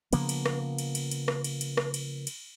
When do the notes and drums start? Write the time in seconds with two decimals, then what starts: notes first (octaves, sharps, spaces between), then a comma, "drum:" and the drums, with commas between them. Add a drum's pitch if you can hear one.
0.13 C#3 F3 A#3 B3, drum: cymbal
0.29 drum: cymbal
0.46 drum: rim click
0.78 drum: cymbal
0.95 drum: cymbal
1.11 drum: cymbal
1.28 drum: rim click
1.44 drum: cymbal
1.61 drum: cymbal
1.77 drum: rim click
1.94 drum: cymbal
2.27 drum: cymbal